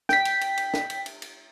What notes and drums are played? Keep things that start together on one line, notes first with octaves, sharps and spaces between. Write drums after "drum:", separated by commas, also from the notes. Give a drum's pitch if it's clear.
G5 B6, drum: snare
drum: cymbal
drum: cymbal
drum: cymbal
drum: snare
drum: cymbal
drum: cymbal
drum: cymbal